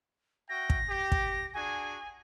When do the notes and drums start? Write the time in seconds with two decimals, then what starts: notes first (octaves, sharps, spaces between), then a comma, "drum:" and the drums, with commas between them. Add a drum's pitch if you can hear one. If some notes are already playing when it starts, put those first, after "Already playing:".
0.49 F#4 E5 G5 A#6
0.70 drum: kick
0.88 G4
1.12 drum: kick
1.54 D4 F#4 G#4 G#5